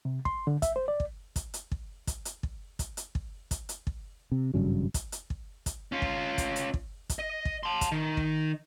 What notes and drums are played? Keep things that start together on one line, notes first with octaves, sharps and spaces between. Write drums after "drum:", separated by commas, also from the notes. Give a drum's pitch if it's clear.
C3
C6, drum: kick
D3
E5, drum: kick, hi-hat
C5
D5
drum: kick
drum: kick, hi-hat
drum: hi-hat
drum: kick
drum: kick, hi-hat
drum: hi-hat
drum: kick
drum: kick, hi-hat
drum: hi-hat
drum: kick
drum: kick, hi-hat
drum: hi-hat
drum: kick
C3
G#1 G2 C#3 F#3
drum: kick, hi-hat
drum: hi-hat
drum: kick
drum: kick, hi-hat
C#4 F4
drum: kick
drum: kick, hi-hat
drum: hi-hat
drum: kick
drum: kick, hi-hat
D#5
drum: kick
A5 C6
drum: kick, hi-hat
D#3
drum: kick